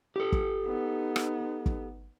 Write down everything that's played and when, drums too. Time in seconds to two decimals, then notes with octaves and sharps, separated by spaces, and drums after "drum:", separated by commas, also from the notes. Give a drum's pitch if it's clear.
0.16 G4 A4
0.32 drum: kick
0.66 B3 D#4
1.16 drum: rim click
1.66 drum: kick